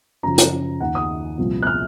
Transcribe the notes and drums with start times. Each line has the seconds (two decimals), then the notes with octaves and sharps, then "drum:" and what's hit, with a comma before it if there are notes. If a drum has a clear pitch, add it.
0.23 F#2 C#3 F3 A#5
0.38 drum: hi-hat
0.80 D#2 D#3 F#5
0.95 D#6
1.38 C2 A#2 F3
1.62 F#6
1.67 F6